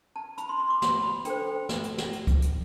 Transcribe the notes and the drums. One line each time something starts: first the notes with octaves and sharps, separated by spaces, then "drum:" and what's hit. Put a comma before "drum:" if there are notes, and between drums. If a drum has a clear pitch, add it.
A5
B5, drum: hi-hat
C6
C6
D6
C6, drum: snare
B5
D4 A4 C5 G5, drum: hi-hat
G5
drum: snare
drum: hi-hat
drum: snare
drum: hi-hat
drum: kick C#2, hi-hat
drum: hi-hat